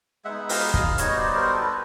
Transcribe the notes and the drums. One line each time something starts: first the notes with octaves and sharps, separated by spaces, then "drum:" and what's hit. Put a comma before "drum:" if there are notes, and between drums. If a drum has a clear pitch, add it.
G#3 B3 D#4 E5 F#5
D#5 F5, drum: open hi-hat
D#5 F5, drum: kick
G3 B3 D#4 F#4 C#5 D#5, drum: hi-hat
C5 D5
A#4 C5
A4 B4